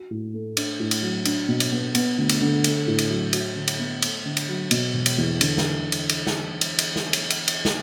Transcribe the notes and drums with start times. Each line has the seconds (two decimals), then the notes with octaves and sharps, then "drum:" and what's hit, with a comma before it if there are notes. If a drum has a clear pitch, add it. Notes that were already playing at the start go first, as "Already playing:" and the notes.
Already playing: F#4
0.11 A2
0.33 A3
0.57 D4, drum: cymbal
0.80 A2
0.91 drum: cymbal
1.02 F#3
1.25 D4, drum: cymbal
1.48 B2
1.60 drum: cymbal
1.72 B3
1.95 B3, drum: cymbal
2.18 D2
2.29 drum: cymbal
2.41 D3
2.64 A3, drum: cymbal
2.87 A2
2.98 drum: cymbal
3.09 F#3
3.33 F#4, drum: cymbal
3.56 D3
3.68 drum: cymbal
3.79 B3
4.02 A3, drum: cymbal
4.25 D3
4.37 drum: cymbal
4.49 F#3
4.71 B2, drum: cymbal
4.94 E1
5.06 drum: cymbal
5.18 E2
5.41 D3, drum: cymbal
5.58 drum: snare
5.92 drum: cymbal
6.09 drum: cymbal
6.27 drum: snare
6.61 drum: cymbal
6.79 drum: cymbal
6.96 drum: snare
7.13 drum: cymbal
7.30 drum: cymbal
7.48 drum: cymbal
7.65 drum: snare